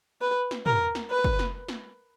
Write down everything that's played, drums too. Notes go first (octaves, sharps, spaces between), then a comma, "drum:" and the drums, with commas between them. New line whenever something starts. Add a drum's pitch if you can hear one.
B4
drum: snare
A#4, drum: tom
drum: snare
B4
drum: kick
drum: snare
drum: snare